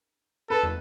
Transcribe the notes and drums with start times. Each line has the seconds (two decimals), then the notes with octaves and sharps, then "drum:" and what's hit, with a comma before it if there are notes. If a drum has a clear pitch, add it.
0.50 A4 B4
0.63 drum: tom